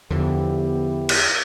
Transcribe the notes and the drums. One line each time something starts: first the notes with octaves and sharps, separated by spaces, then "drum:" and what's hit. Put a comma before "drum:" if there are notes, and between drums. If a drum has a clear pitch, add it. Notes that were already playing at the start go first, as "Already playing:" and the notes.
E2 D3 F3 B3 E4 G4
drum: cymbal